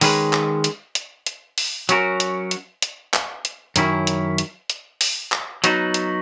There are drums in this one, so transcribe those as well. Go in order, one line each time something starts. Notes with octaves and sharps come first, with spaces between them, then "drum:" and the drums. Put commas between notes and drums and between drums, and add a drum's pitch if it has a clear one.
D#3 G#3 C#4 G#4 B4, drum: open hi-hat
drum: clap
drum: hi-hat
drum: hi-hat
drum: hi-hat
drum: open hi-hat
F#3 C#4 F#4 A#4, drum: hi-hat
drum: hi-hat
drum: hi-hat
drum: hi-hat
drum: clap
drum: hi-hat
F#2 D#3 F#3 C#4 E4, drum: hi-hat
drum: hi-hat
drum: hi-hat
drum: hi-hat
drum: open hi-hat
drum: clap
F#3 B3 D#4 F#4, drum: hi-hat
drum: hi-hat